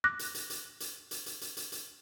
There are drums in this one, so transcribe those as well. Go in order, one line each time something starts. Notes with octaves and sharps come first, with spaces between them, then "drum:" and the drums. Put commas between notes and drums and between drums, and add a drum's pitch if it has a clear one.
D6 F#6 A#6
drum: hi-hat
drum: hi-hat
drum: hi-hat
drum: hi-hat
drum: hi-hat
drum: hi-hat
drum: hi-hat
drum: hi-hat
drum: hi-hat